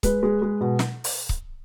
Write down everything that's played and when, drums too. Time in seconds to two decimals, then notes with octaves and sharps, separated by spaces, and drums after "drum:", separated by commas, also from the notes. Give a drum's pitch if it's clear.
0.03 G#3 B4, drum: kick C#1, hi-hat
0.23 G#3
0.42 G#3
0.61 B2
0.79 drum: snare
1.04 drum: open hi-hat
1.29 drum: kick C#1